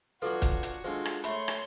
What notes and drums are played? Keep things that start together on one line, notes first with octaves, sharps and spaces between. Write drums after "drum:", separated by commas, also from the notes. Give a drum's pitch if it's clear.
F#3 D4 F4 F#4 A4 B4
drum: kick, hi-hat
drum: hi-hat
G#3 D4 F4 A4 C5
drum: rim click
A3 C#5 E5 B5 C6, drum: hi-hat
drum: rim click